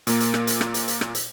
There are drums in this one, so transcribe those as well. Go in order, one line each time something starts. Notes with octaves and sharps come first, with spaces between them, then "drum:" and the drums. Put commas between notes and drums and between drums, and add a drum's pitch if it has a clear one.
A#2 A#3, drum: hi-hat
drum: hi-hat
drum: rim click
drum: hi-hat
drum: rim click
drum: hi-hat
drum: hi-hat
drum: rim click
drum: hi-hat